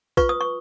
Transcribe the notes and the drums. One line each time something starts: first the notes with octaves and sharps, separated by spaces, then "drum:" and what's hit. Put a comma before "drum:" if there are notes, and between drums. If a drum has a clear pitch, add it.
F4 B4 C#6, drum: kick A#1, tambourine
D#6
C#6